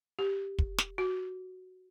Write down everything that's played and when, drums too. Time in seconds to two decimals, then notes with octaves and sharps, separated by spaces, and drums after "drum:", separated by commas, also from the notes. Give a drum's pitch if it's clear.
0.19 G4
0.59 drum: kick
0.78 drum: snare
0.98 F#4